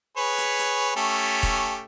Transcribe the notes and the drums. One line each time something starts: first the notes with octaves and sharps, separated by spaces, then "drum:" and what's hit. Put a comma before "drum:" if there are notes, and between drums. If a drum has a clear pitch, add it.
G#4 B4 C#5
drum: hi-hat
drum: hi-hat
A3 C#4 G4
drum: kick, hi-hat